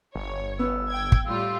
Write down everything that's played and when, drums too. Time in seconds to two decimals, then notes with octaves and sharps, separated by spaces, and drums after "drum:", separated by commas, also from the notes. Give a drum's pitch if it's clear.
0.15 G1 C#5
0.59 B3 E6
0.89 G5 G#6
1.12 drum: kick
1.26 A2 G3 F4 E6